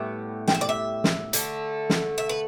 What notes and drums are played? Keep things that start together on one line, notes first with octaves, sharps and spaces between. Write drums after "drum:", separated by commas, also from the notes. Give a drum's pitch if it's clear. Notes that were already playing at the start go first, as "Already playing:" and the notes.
Already playing: A2 G3 B3 E5
G5, drum: snare
E5
D5
E5
drum: snare
D3 A3, drum: hi-hat
drum: snare
E5
B4